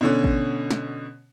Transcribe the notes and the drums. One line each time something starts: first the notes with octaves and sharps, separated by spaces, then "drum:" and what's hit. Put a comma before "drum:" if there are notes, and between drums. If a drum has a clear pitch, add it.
B2 D3 C#4
drum: kick G#1
drum: snare